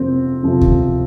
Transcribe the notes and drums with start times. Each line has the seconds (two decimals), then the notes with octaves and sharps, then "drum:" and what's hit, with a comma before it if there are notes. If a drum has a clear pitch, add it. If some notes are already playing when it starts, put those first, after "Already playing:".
Already playing: F2 C3 F3 A#3 C4
0.43 F2 C3 F3
0.61 drum: kick D2